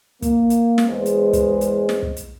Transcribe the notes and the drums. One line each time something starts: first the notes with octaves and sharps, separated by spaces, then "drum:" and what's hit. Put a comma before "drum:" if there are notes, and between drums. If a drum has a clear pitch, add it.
A#3, drum: kick, hi-hat
drum: hi-hat
drum: snare
E2 G#3 B3 G#4 C5 D#5
drum: hi-hat
drum: kick, hi-hat
drum: hi-hat
drum: snare
drum: kick
drum: hi-hat